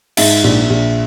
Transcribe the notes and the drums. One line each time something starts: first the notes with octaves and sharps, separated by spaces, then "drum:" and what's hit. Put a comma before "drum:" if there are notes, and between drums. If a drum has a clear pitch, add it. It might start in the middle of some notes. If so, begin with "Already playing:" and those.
G#2 E5, drum: cymbal
A#1
A#1